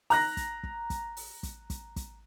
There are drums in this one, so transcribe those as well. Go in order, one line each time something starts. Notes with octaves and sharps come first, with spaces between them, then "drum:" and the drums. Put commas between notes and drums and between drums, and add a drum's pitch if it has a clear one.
A#5 F#6 A#6, drum: open hi-hat
drum: kick, hi-hat
drum: kick
drum: kick, hi-hat
drum: open hi-hat
drum: kick, hi-hat
drum: kick, hi-hat
drum: kick, hi-hat